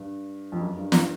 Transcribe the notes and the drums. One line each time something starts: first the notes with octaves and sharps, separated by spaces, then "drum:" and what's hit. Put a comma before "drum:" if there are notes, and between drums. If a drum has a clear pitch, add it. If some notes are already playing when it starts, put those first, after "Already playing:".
Already playing: G2
F2
F#2
G2
drum: snare